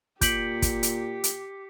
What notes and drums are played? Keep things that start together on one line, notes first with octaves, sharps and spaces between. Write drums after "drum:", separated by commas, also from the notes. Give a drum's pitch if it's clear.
A#2 G4 D6 G6 B6 C#7 D7 F#7, drum: kick, hi-hat
drum: kick, hi-hat
drum: hi-hat
drum: hi-hat